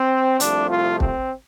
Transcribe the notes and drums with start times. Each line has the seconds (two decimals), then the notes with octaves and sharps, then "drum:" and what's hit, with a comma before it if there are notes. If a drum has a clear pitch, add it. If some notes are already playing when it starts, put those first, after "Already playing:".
Already playing: C4
0.40 C2 C3 F3 A3 D4, drum: hi-hat
0.70 F4
1.00 C4, drum: kick